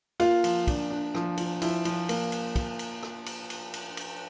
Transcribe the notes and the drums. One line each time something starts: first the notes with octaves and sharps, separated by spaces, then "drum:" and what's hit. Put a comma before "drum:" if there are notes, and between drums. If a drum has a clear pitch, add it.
A#3 F4, drum: cymbal
F3, drum: cymbal
D4, drum: kick, cymbal
D4
F3, drum: rim click
F3, drum: cymbal
F3 E4, drum: cymbal
F3, drum: cymbal
A#3, drum: cymbal
drum: cymbal
drum: kick, cymbal
drum: cymbal
drum: rim click
drum: cymbal
drum: cymbal
drum: cymbal
drum: cymbal